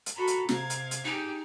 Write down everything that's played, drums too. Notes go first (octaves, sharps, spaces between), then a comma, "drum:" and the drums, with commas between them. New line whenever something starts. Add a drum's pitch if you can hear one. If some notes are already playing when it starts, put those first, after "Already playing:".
drum: hi-hat
F#4 A4 A#5 B5
drum: hi-hat
C3 F5 G#6, drum: snare
drum: hi-hat
drum: hi-hat
D#4 G4 G#4